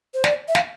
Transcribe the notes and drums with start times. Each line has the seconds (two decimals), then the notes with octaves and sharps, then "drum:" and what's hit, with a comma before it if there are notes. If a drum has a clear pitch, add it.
0.14 C5
0.24 D5, drum: snare
0.48 E5
0.55 F5, drum: snare